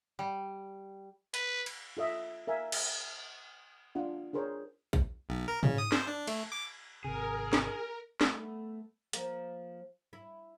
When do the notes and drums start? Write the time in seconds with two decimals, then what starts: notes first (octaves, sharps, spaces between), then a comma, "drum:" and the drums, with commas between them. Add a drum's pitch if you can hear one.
0.19 G3
1.34 B4, drum: hi-hat
1.66 drum: cymbal
1.97 F4 A4 D#5 E5
2.47 A#4 E5 F5 G#5
2.72 drum: cymbal
3.95 D4 F4 F#5
4.33 D4 G#4 A#4 C5 C#5
4.93 drum: kick A#1
5.29 B1
5.48 A#4
5.63 C#3, drum: tom G#2
5.78 D#6
5.92 C5, drum: snare
6.07 D4
6.27 A3, drum: cymbal
6.52 D6
7.04 G#1 C3 G#4 A#4
7.53 drum: snare
8.21 A3 B3, drum: snare
9.13 F3 A#3, drum: hi-hat
10.13 E4